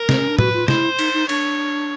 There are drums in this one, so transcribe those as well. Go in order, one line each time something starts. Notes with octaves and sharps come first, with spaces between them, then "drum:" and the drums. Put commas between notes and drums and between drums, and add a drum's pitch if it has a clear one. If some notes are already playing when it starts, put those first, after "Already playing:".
Already playing: A#4
C4, drum: snare
C#4
D4
F#4 B4, drum: tom A2
F4
E4 C5, drum: snare
D#4, drum: cymbal
D#4
D4 C#5, drum: cymbal